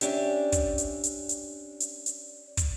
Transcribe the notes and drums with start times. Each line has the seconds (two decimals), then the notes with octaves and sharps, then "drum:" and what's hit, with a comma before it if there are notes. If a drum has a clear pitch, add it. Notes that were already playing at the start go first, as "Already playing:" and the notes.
0.01 C#4 D4 G4 E5, drum: hi-hat
0.52 drum: kick, hi-hat
0.78 drum: hi-hat
1.04 drum: hi-hat
1.29 drum: hi-hat
1.81 drum: hi-hat
2.06 drum: hi-hat
2.57 drum: kick, hi-hat